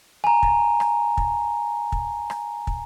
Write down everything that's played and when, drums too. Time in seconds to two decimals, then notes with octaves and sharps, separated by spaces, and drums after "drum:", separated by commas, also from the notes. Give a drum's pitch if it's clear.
0.24 G#5 A#5
0.43 drum: kick
0.80 drum: rim click
1.17 drum: kick
1.92 drum: kick
2.30 drum: rim click
2.67 drum: kick